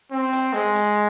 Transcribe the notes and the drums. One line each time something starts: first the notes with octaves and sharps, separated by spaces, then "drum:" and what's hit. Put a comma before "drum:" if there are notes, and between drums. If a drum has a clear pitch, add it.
C4
drum: hi-hat
G#3, drum: hi-hat
drum: hi-hat